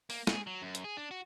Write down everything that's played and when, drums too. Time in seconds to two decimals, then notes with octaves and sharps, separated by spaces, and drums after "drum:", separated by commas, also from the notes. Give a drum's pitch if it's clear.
0.10 A#3, drum: open hi-hat
0.27 G#4, drum: snare
0.47 F#3
0.62 F#2
0.75 drum: hi-hat
0.84 G#4
0.97 D4
1.11 F#4